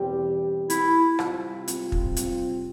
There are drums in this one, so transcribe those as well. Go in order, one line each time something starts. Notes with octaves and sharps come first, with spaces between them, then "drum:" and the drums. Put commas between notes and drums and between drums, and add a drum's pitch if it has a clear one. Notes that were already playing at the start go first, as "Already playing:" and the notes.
Already playing: E2 B2 G3 C4 G4
E4, drum: hi-hat
C3 G3 C4 F4, drum: rim click
drum: hi-hat
drum: kick
drum: hi-hat